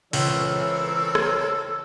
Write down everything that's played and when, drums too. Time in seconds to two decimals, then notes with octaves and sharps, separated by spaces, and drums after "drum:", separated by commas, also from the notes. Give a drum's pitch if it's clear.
0.13 C#2 E3 C4 A4 A#4 C#5 E6, drum: open hi-hat
1.15 drum: rim click